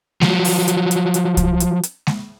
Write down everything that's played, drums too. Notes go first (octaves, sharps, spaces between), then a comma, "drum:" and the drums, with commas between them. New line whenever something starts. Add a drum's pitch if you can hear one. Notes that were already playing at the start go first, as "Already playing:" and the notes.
F3 F#3, drum: snare G#3
drum: open hi-hat
drum: hi-hat
drum: hi-hat
drum: hi-hat
drum: kick C2, hi-hat
drum: hi-hat
drum: hi-hat
drum: snare G#3